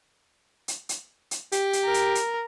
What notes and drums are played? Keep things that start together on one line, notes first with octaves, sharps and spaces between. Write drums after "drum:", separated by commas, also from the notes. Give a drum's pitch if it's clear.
drum: hi-hat
drum: hi-hat
drum: hi-hat
G4, drum: hi-hat
drum: hi-hat
A#4
drum: hi-hat
drum: hi-hat